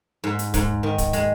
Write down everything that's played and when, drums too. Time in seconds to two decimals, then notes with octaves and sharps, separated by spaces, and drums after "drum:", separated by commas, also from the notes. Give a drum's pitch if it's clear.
0.24 G#2
0.39 drum: hi-hat
0.54 G#2, drum: kick, hi-hat
0.83 D#3
0.98 drum: kick, hi-hat
1.13 G#3, drum: hi-hat